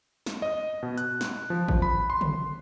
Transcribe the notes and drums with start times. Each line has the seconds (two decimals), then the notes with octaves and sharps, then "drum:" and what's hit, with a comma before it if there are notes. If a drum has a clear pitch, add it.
0.26 drum: snare
0.42 D#5
0.83 B2
0.98 F#6, drum: hi-hat
1.21 drum: snare
1.50 F3
1.68 drum: kick G#1
1.82 B5
2.10 C6
2.21 drum: tom C#3